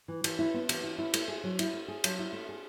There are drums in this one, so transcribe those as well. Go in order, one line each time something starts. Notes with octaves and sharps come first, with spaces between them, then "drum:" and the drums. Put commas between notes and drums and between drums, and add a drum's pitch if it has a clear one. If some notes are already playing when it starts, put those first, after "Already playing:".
E3
E3, drum: cymbal
E4
B3
E3, drum: cymbal
E3
E4
A3, drum: cymbal
G#4
F#3
E4, drum: cymbal
A3
G#4
F#3, drum: cymbal
E4
A3
G#4